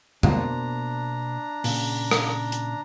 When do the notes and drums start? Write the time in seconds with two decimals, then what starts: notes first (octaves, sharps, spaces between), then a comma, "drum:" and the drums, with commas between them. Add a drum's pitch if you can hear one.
0.23 B2 A#3 D4 C5 A#5, drum: tom F2
1.64 A#2 C#3, drum: open hi-hat
2.11 drum: rim click
2.52 drum: hi-hat